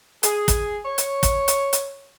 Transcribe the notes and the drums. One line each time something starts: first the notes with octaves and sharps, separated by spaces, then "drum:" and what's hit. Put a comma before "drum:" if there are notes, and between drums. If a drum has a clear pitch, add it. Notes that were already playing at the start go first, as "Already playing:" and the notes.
G#4, drum: hi-hat
drum: kick, hi-hat
C#5
drum: hi-hat
drum: kick, hi-hat
drum: hi-hat
drum: hi-hat